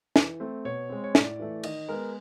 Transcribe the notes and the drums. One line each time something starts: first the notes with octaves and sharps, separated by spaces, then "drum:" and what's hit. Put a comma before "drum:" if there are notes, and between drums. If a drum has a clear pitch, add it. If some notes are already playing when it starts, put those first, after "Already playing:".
E3, drum: snare
A3 C4
B2 C#5
G#3 C4
C#5
A2 D5, drum: snare
E3 A3
D#3 D#5, drum: cymbal
G#3 B3 A#4